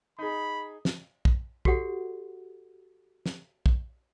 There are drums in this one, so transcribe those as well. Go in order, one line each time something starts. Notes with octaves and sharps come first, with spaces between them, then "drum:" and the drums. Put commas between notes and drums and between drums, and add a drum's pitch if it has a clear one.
D#4 G#4 B5
drum: snare
drum: kick
F#4 G4 A4 C#5 F#5, drum: kick
drum: snare
drum: kick